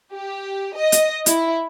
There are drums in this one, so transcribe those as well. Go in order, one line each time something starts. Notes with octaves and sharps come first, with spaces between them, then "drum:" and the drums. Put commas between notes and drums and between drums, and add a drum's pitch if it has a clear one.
G4
D#5
drum: hi-hat
E4, drum: hi-hat